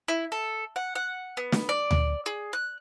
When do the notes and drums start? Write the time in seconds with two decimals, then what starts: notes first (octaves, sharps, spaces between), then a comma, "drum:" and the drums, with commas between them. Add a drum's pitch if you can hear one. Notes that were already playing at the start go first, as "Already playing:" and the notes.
0.08 E4
0.32 A4
0.76 F#5
0.95 F#5
1.37 B3
1.52 drum: snare
1.69 D5
1.91 drum: tom D2
2.26 G#4
2.53 F#6